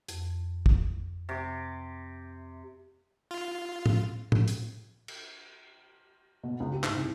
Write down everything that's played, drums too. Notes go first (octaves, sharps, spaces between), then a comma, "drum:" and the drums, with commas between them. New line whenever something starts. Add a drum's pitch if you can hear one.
F2, drum: hi-hat
drum: kick
C3 D6
F4
drum: tom A2
drum: tom A2
drum: hi-hat
drum: cymbal
B2
C#2
G4
G#2, drum: clap
C2